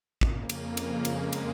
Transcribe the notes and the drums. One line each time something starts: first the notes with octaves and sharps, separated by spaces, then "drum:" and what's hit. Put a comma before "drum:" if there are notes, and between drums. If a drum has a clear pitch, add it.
F2 C#3 A#3, drum: kick
drum: cymbal
drum: cymbal
G#3, drum: cymbal
drum: cymbal